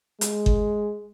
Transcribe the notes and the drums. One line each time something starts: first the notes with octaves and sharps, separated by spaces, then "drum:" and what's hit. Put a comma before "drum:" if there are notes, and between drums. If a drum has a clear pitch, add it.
G#3, drum: hi-hat
drum: kick G1